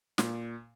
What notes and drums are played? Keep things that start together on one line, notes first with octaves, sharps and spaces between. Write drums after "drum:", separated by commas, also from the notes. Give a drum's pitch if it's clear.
A#2, drum: snare